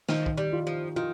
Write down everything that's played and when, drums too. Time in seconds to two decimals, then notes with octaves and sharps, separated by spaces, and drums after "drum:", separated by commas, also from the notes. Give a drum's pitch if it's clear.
0.09 D#3 F3, drum: snare
0.26 drum: kick
0.38 G3
0.53 F4
0.67 F3
0.96 D#3 F4